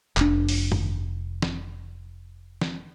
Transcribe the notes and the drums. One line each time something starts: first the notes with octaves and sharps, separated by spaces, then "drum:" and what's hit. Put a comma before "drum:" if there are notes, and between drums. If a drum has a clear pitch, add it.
F1 D4, drum: clap
drum: open hi-hat
drum: tom
drum: snare
drum: snare